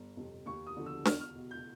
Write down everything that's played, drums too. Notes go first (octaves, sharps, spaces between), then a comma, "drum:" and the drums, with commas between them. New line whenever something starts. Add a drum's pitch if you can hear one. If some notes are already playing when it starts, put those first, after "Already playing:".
Already playing: G1
F2 C3
D#2 C#6
D#6
D3 F3
E6
E2 F6, drum: snare D4
F6
B2
G6